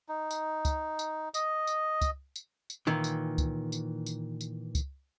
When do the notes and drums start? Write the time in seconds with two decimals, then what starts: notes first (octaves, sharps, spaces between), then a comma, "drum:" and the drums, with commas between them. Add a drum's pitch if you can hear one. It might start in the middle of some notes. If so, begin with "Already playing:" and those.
0.09 D#4
0.31 drum: tambourine
0.65 drum: kick C#2, tambourine
0.99 drum: tambourine
1.34 D#5, drum: tambourine
1.67 drum: tambourine
2.01 drum: kick C#2, tambourine
2.36 drum: tambourine
2.70 drum: tambourine
2.87 A#2 D#3 E3
3.04 drum: tambourine
3.38 drum: kick C#2, tambourine
3.72 drum: tambourine
4.06 drum: tambourine
4.41 drum: tambourine
4.75 drum: kick C#2, tambourine